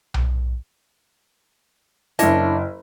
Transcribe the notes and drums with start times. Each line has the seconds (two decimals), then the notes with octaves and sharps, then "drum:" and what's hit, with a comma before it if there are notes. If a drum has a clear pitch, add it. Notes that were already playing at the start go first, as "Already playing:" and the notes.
0.14 drum: tom B1
2.19 F#1 D4 E4 C#5 D#5, drum: hi-hat